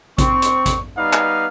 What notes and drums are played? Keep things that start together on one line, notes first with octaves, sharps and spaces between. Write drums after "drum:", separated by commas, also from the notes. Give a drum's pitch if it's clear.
C4 C#6, drum: kick A1, hi-hat
drum: hi-hat
drum: kick A1, hi-hat
G3 B3 D#4 B4 D5 F5
drum: clap